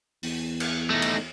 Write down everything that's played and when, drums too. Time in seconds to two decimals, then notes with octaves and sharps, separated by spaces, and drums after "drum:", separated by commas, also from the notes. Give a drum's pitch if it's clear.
0.23 E2, drum: open hi-hat
0.60 drum: cymbal
0.90 A3 D#4
1.02 drum: cymbal